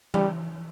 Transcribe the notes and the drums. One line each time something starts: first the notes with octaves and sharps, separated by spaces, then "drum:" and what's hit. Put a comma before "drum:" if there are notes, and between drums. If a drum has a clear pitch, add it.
G3, drum: tom E3